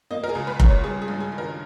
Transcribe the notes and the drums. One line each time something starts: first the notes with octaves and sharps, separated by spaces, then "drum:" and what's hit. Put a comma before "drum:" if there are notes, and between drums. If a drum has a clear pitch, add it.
A#3 D#5
A#4
G#4
C#2
B4
C#2, drum: kick F1
C#5
G3 G#4
G#4
G2
G#4
D#3
A#4